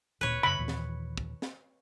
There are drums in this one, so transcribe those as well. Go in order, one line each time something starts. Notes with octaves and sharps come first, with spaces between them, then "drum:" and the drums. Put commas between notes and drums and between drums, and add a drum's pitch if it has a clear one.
D1 A#2 B4 C#5
F#2 C#3 B5
D#2 A#2 E3
drum: snare
drum: kick
drum: snare